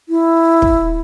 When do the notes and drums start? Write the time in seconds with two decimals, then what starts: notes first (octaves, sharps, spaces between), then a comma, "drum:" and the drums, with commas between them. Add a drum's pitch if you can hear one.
0.09 E4
0.62 drum: kick